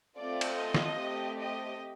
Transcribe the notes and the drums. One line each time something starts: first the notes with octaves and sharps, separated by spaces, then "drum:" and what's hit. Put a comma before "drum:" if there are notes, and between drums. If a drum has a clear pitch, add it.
A3 C4 F4 A4 D5
drum: cymbal
D#5
drum: snare
A3 C4 G4
D#5